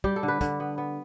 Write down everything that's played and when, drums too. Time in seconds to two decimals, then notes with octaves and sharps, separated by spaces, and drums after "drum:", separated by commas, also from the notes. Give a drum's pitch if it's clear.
0.04 G3 G4, drum: kick
0.16 A4
0.23 D3
0.28 B4
0.41 D3, drum: kick, hi-hat
0.60 B3
0.78 B3